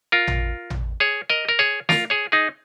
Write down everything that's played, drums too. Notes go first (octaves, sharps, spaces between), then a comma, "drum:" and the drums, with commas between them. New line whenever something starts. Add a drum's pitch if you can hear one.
F4 A#4
drum: tom
drum: tom
G#4 C#5
A#4 D#5
A#4
G#4 C#5
F4 A#4, drum: snare
G#4 C#5
D#4 G#4